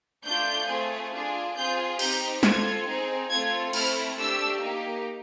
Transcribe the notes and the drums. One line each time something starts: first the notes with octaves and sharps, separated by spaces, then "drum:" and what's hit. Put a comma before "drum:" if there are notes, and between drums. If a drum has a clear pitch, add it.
A3 D4 F4 G6
A3 C4 F4 G#4
D4 F4 G#4
C4 F4 G#4 G6
C4 D#4 G4 G6, drum: cymbal
C4 F4 A4 G#6, drum: snare
C4 D#4 G#4
A3 C4 F4 A4 G#6
A3 C4 E4 A4 F6, drum: cymbal
A3 D4 G4 E6
A#3 D#4 G4